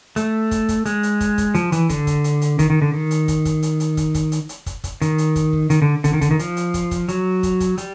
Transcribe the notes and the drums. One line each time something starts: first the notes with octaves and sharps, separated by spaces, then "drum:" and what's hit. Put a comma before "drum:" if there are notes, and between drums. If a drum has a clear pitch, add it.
A3, drum: hi-hat
drum: kick, hi-hat
drum: kick, hi-hat
G#3, drum: hi-hat
drum: hi-hat
drum: kick, hi-hat
drum: kick, hi-hat
F3, drum: hi-hat
E3, drum: hi-hat
D3, drum: kick, hi-hat
drum: kick, hi-hat
drum: hi-hat
drum: hi-hat
D#3, drum: kick, hi-hat
D#3
D3
D#3
drum: hi-hat
drum: kick, hi-hat
drum: kick, hi-hat
drum: hi-hat
drum: hi-hat
drum: kick, hi-hat
drum: kick, hi-hat
drum: hi-hat
drum: hi-hat
drum: kick, hi-hat
drum: kick, hi-hat
D#3, drum: hi-hat
drum: hi-hat
drum: kick, hi-hat
drum: kick
D#3, drum: hi-hat
D3
D3, drum: kick, hi-hat
D#3
D3, drum: kick, hi-hat
D#3
F3, drum: hi-hat
drum: hi-hat
drum: kick, hi-hat
drum: kick, hi-hat
F#3, drum: hi-hat
drum: kick, hi-hat
drum: kick, hi-hat
G3, drum: hi-hat